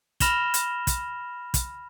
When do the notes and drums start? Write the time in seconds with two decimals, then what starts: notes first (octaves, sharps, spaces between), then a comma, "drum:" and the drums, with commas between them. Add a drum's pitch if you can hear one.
0.20 B5 F6 A#6 E7 F7 G7, drum: kick, hi-hat
0.54 drum: hi-hat
0.87 drum: kick, hi-hat
1.54 drum: kick, hi-hat